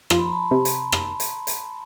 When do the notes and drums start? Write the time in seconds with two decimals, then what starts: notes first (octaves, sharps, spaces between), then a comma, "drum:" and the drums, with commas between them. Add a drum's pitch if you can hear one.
0.10 F3 C6, drum: rim click
0.17 B5
0.25 A#5
0.32 A5 B5
0.51 C3
0.65 drum: hi-hat
0.92 drum: rim click
1.20 drum: hi-hat
1.47 drum: hi-hat